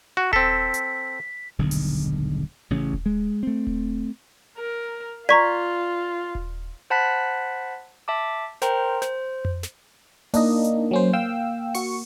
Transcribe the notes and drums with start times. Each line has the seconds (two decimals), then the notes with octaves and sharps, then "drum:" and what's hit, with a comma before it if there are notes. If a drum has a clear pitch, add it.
0.17 F#4
0.33 C4 A4 B6, drum: kick D#1
0.74 drum: hi-hat
1.58 D#1 B1 G#2 D3
1.71 drum: open hi-hat
2.70 A1 C#3 C#4
2.93 drum: kick D#1
3.06 G#3
3.43 A3 C4
3.67 drum: kick D#1
4.58 A#4
5.29 F4 D5 A#5 C#6 B6
6.35 drum: kick D#1
6.90 C5 F#5 A5 B5 F#6 B6
8.08 E5 A5 D6
8.62 A#4 C5 G5 A#5 C6, drum: snare
9.02 C5, drum: snare
9.45 drum: tom F2
9.63 drum: snare
10.34 A#3 D4 D#4 D#5, drum: open hi-hat
10.64 drum: hi-hat
10.91 F#3 C#4 C5
11.13 F5 G5 E6
11.75 F#4 C#6 C#7, drum: open hi-hat